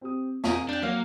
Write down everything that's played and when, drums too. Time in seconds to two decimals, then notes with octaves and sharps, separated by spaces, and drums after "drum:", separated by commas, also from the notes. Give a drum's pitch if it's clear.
0.01 C4 G4 D#6
0.44 F2 G#4 A#4 D#5 F5 F7, drum: snare
0.69 D4 G4 G5
0.82 F#3 A#3 F#4 C#5 F5